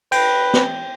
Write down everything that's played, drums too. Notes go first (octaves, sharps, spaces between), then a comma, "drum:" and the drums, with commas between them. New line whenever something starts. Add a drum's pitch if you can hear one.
B4 G5, drum: cymbal
drum: snare